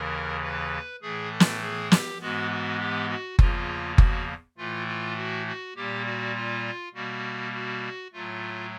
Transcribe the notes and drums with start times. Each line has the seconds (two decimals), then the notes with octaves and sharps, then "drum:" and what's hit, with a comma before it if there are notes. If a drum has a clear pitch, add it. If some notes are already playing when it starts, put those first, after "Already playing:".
Already playing: D#2 C#3 E3 A#4
0.43 B4
1.02 A2 E3 A3 G#4
1.31 A4
1.40 drum: snare
1.62 G#4
1.92 G4, drum: snare
2.20 G#2 E3 G#3 B3 F#4
2.50 F#4
2.80 G4
3.09 F#4
3.39 E2 C#3 F3 A#3 F4, drum: kick F#1
3.98 F#4, drum: kick F#1
4.58 A2 E3 A3 F4
4.87 F4
5.17 F#4
5.47 F#4
5.76 A#2 G3 A#3 G4
6.05 F#4
6.36 F4
6.94 B2 G3 A#3 F#4
7.54 F#4
8.13 A2 F#3 A3 F4